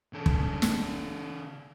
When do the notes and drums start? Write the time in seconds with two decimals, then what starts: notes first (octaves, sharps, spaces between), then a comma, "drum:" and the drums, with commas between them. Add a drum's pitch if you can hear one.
0.13 C#3 A4
0.26 drum: kick
0.62 drum: snare